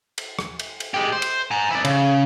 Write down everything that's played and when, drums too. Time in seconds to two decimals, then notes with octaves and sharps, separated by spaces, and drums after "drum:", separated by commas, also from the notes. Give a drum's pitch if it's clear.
0.18 drum: cymbal
0.39 drum: rim click
0.59 drum: cymbal
0.80 drum: cymbal
0.94 G#3 G4
1.12 C5
1.22 drum: cymbal
1.51 G#5 A#5
1.71 E4 D5
1.85 C#3, drum: cymbal